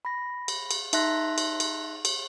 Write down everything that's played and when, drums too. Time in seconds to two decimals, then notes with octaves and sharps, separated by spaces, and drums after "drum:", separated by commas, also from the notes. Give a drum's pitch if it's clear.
0.05 B5 A#6
0.48 drum: cymbal
0.71 drum: cymbal
0.93 D#4 E5 A5 C6 F#6 A#6, drum: cymbal
1.38 drum: cymbal
1.60 drum: cymbal
2.05 drum: cymbal